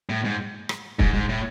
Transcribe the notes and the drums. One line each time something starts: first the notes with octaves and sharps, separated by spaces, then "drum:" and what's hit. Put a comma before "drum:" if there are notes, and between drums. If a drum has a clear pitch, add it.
A2
G#2
drum: rim click
G#2, drum: kick
G#2
A2